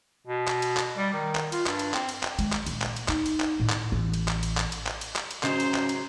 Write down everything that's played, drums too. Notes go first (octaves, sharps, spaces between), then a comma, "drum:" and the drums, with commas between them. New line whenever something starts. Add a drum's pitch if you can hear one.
B2
drum: clap
drum: cymbal
drum: clap
G3
D#3
drum: clap
F4, drum: cymbal
G2, drum: clap
drum: cymbal
C4, drum: clap
drum: cymbal
drum: clap
G#3, drum: cymbal
drum: clap
A#1, drum: cymbal
drum: clap
drum: cymbal
D#4, drum: clap
drum: cymbal
drum: clap
A2
drum: clap
A1
drum: cymbal
drum: clap
drum: cymbal
drum: clap
drum: cymbal
drum: clap
drum: cymbal
drum: clap
drum: cymbal
G#2 C#3 F#3 C5, drum: clap
drum: cymbal
drum: clap
drum: cymbal